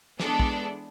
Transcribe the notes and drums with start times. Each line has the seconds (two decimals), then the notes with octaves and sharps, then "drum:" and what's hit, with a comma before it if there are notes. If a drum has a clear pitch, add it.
0.20 E3 G#3 B3 D4 A4, drum: snare
0.40 drum: kick